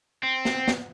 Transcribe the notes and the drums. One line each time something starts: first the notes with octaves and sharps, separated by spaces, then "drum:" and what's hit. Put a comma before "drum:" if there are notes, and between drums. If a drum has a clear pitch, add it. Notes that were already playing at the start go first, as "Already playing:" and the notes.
C4
drum: snare
drum: snare